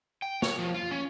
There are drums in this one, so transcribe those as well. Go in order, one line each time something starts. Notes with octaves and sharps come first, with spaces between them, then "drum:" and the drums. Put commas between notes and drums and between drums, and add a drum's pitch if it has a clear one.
G5
C#5, drum: snare
F3
F4
C#4